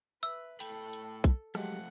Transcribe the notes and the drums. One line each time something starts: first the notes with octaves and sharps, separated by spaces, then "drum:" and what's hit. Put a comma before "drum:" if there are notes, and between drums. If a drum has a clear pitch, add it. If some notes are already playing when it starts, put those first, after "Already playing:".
B4 E5 E6
A2 A4 G5 B5, drum: open hi-hat
drum: hi-hat
drum: kick, hi-hat
F3 F#3 G#3 A3 G4 F#5, drum: rim click